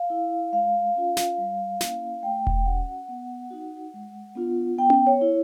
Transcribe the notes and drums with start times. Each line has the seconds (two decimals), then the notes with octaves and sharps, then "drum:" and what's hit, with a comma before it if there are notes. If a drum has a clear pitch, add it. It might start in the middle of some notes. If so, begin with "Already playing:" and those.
Already playing: F5
0.10 E4
0.53 G#3 F5
0.96 C#4 F4
1.17 drum: snare
1.38 G3
1.81 A#3 C#4 E4, drum: snare
2.23 A3 G5
2.47 drum: kick E1
2.65 C#4 F#4 F#5
3.08 B3
3.51 D#4 F#4
3.94 G#3
4.36 B3 D4 F4
4.78 B3 G5
4.90 drum: tom C#4
5.07 C#5
5.21 E4